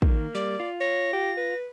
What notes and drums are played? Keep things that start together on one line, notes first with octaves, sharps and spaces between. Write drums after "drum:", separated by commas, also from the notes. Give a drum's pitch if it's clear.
D#3 A#3, drum: kick
G3 D5
F4
C#5 A#6
G4
B4